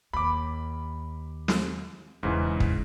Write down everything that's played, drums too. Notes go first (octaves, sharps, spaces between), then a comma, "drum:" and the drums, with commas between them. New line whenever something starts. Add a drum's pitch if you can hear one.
D#2 B5 D6
drum: snare
E1 G#2 C#3 E3
drum: kick